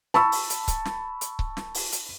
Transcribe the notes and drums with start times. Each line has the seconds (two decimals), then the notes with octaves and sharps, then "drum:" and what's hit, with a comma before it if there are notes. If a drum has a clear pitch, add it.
0.14 A5 B5 C#6 E6, drum: snare
0.32 drum: open hi-hat
0.50 drum: hi-hat
0.68 drum: kick C#1, hi-hat
0.85 drum: snare
1.21 drum: hi-hat
1.39 drum: kick C#1
1.57 drum: snare
1.74 drum: open hi-hat
1.92 drum: hi-hat